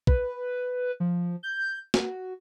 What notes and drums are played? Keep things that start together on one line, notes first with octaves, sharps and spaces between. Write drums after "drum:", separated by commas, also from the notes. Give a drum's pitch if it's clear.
B4, drum: kick
F3
G6
F#4, drum: snare